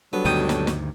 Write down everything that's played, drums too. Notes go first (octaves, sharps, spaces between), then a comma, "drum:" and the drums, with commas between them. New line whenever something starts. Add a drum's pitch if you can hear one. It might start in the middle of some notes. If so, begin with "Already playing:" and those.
F#3 G3 B3 D4 A4
D2 G2 B2 D#3 G5 D#6
drum: snare
drum: snare